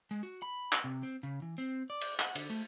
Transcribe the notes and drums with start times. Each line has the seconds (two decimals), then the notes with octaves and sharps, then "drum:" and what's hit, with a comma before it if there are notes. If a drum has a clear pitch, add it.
0.11 G#3
0.23 F#4
0.42 B5
0.73 drum: clap
0.84 C3
1.03 C4
1.23 C#3
1.42 E3
1.58 C4
1.90 D5
2.01 drum: cymbal
2.20 F#5, drum: clap
2.35 D3, drum: cymbal
2.50 A3